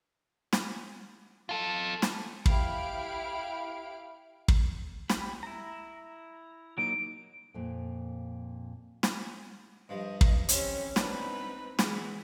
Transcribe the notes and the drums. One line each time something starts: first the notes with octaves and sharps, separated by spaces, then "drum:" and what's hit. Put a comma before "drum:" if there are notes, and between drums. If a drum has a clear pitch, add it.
drum: snare
F4 A4
drum: snare
E4 G4 F5 B5 D7, drum: kick
drum: kick
G4 B5, drum: snare
E4 A#5
F#3 A#3 D#4 D7
F2 A#2
drum: snare
G2 F3 D#5
drum: kick
E3 C4 C#4 G4 C5, drum: hi-hat
B2 C4 D4 D#4 B4, drum: snare
B2 E3 G#3, drum: snare